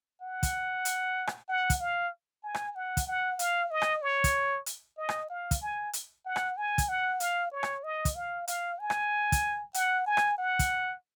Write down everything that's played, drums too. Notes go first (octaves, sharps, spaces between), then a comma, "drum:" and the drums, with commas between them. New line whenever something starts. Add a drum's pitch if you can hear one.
F#5
drum: kick, hi-hat
drum: hi-hat
drum: rim click
F#5
drum: kick, hi-hat
F5
G#5
drum: rim click
F#5
drum: kick, hi-hat
F#5
F5, drum: hi-hat
D#5
drum: rim click
C#5
drum: kick, hi-hat
drum: hi-hat
D#5
drum: rim click
F5
drum: kick, hi-hat
G#5
drum: hi-hat
F#5
drum: rim click
G#5
drum: kick, hi-hat
F#5
F5, drum: hi-hat
C#5
drum: rim click
D#5
drum: kick, hi-hat
F5
F5, drum: hi-hat
G#5
drum: rim click
drum: kick, hi-hat
F#5, drum: hi-hat
G#5
drum: rim click
F#5
drum: kick, hi-hat